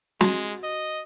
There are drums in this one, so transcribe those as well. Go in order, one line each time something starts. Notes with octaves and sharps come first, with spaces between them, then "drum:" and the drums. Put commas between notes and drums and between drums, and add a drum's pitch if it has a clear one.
G#3 F#4, drum: snare
D#5